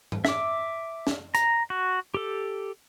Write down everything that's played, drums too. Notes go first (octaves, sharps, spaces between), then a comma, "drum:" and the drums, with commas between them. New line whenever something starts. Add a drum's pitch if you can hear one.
drum: tom G#2
E5 D6, drum: snare
drum: snare
A#5, drum: hi-hat
F#4
G4 A4